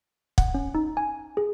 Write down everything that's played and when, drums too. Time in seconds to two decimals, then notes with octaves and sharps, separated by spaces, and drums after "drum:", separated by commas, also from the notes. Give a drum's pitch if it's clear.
0.38 F#5, drum: kick
0.54 C#4
0.75 D#4
0.97 G#5
1.37 G#4